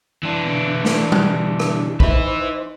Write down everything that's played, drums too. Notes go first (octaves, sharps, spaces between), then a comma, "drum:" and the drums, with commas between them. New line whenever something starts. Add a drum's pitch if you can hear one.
E3 D4
B2 D3
drum: snare
B2 D3 G3, drum: tom G3
drum: rim click
D#4 B4 C5 E5, drum: kick